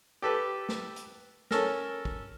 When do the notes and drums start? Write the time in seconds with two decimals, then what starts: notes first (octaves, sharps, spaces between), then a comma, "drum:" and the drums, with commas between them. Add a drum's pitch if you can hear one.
0.22 G4 A4 B4
0.69 drum: snare
0.96 drum: hi-hat
1.51 C#4 A4 A#4, drum: snare
2.05 drum: kick